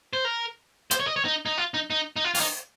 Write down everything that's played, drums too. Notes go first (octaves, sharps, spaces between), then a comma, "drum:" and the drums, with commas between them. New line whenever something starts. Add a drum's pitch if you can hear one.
C5
A#4
C5, drum: hi-hat
C#5
D#5
C#5
D#4
D#4
F4
D#4
D#4
D#4
F4
F4, drum: open hi-hat
D#4